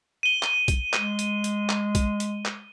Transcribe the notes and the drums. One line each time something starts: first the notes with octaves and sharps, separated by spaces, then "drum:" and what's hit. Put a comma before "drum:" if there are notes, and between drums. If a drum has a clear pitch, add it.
D#7 G7
drum: clap
drum: kick B1, hi-hat
G#3, drum: clap
drum: hi-hat
drum: hi-hat
drum: clap
drum: kick B1, hi-hat
drum: hi-hat
drum: clap